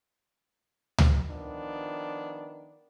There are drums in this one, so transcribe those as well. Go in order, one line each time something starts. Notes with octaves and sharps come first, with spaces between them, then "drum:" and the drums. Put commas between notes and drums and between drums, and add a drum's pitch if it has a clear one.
drum: tom C#2
D#3 F3 B3 D4